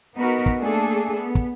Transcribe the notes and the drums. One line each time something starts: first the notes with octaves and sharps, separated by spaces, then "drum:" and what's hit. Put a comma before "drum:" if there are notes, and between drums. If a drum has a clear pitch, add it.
B3 D#4 F#4 A#4 B4
drum: kick
A3 A#3 D4 G#4 A4
B3
drum: kick